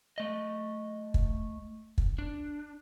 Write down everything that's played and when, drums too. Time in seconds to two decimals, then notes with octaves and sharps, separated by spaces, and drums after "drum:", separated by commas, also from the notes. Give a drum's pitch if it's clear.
0.18 A3 D#5
1.14 drum: kick
1.98 drum: kick
2.19 D4